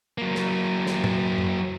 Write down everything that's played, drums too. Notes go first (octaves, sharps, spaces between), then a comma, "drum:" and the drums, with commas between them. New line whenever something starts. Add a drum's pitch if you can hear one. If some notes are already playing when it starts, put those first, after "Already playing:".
F#3 A#3
drum: snare
drum: snare
drum: tom
drum: tom F#2